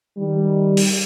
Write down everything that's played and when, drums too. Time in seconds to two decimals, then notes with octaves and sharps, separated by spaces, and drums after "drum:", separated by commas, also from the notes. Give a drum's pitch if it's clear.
0.17 D#3 G3
0.77 drum: open hi-hat